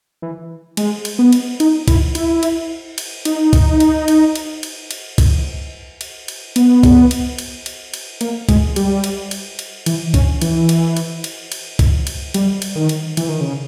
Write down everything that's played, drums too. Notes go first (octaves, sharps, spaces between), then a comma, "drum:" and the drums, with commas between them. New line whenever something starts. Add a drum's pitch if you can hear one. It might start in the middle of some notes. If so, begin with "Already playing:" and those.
E3
G#3, drum: cymbal
drum: cymbal
B3
drum: cymbal
D#4, drum: cymbal
E4, drum: kick, cymbal
E4, drum: cymbal
drum: cymbal
drum: cymbal
D#4, drum: cymbal
drum: kick, cymbal
drum: cymbal
drum: cymbal
drum: cymbal
drum: cymbal
drum: cymbal
drum: kick, cymbal
drum: cymbal
drum: cymbal
B3, drum: cymbal
drum: kick, cymbal
drum: cymbal
drum: cymbal
drum: cymbal
drum: cymbal
A#3, drum: cymbal
G#3, drum: kick, cymbal
G3, drum: cymbal
drum: cymbal
drum: cymbal
drum: cymbal
E3, drum: cymbal
C#4, drum: kick, cymbal
E3, drum: cymbal
drum: cymbal
drum: cymbal
drum: cymbal
drum: cymbal
drum: kick, cymbal
drum: cymbal
G3, drum: cymbal
drum: cymbal
D#3
drum: cymbal
E3, drum: cymbal
D#3
C#3